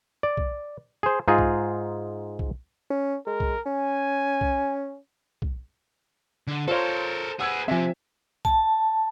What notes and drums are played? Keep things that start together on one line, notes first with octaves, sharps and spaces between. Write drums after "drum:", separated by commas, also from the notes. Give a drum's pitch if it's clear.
D5
drum: kick B1
G#4 C5
G#2 D#4 F4 G#4
drum: kick B1
drum: kick B1
C#4
G#3 A#4
drum: kick B1
C#4 G#5
drum: kick B1
drum: kick B1
D3
F4 A4 A#4 C5 C#5
G#4 B4 F#5 E6 G#6
C3 F3 C4 E5 G#5
A5, drum: kick B1